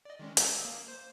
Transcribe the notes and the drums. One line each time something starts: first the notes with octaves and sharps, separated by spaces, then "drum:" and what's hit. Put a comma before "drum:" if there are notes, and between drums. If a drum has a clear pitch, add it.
D5 D#5
D#3 G#3 C#4
D#6 E6, drum: hi-hat
A#3
C5